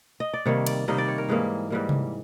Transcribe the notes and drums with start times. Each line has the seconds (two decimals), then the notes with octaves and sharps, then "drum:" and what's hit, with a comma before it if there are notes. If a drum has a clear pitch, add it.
0.20 D#5
0.34 D5
0.45 C3 D#3 G3 A#3 C#5
0.67 D5, drum: cymbal
0.88 C3 D#3 G3 A#3 D#5
0.98 D5
1.08 C#5
1.18 A#4
1.28 G#2 E3 G3 A#3 G#4
1.70 G#2 E3 G3 A#3
1.89 drum: tom C3